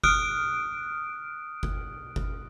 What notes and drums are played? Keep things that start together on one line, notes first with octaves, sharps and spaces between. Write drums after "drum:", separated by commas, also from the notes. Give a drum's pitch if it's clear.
D#6 F6 F#6 D7, drum: kick G1
drum: kick G1
drum: kick G1